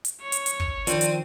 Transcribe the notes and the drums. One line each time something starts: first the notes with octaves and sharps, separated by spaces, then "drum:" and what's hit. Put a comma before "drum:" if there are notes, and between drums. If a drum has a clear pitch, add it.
drum: hi-hat
C#5
drum: hi-hat
drum: hi-hat
drum: kick
D#3 F3 C4 D4 C5 D#7, drum: hi-hat
drum: hi-hat